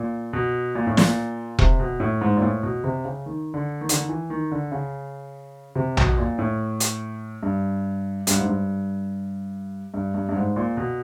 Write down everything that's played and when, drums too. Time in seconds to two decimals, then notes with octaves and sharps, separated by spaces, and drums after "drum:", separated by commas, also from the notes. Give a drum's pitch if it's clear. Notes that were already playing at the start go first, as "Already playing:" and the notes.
Already playing: A#2
0.33 B2
0.75 A#2
0.87 A2
0.97 A#2, drum: snare
1.59 C3, drum: kick E1
1.80 B2
2.00 A2
2.21 G#2
2.37 A#2
2.42 A2
2.63 B2
2.84 C3
3.05 C#3
3.26 D#3
3.54 D3
3.81 D#3
3.89 D3, drum: hi-hat
3.97 D#3
4.09 E3
4.30 D#3
4.51 D3
4.72 C#3
5.76 C3
5.97 B2, drum: tom A#1
6.18 A#2
6.38 A2
6.80 drum: hi-hat
7.43 G2
8.27 G2, drum: hi-hat
8.36 G#2
8.46 G2
9.94 G2
10.14 G2
10.29 G2
10.36 G#2
10.56 A#2
10.77 B2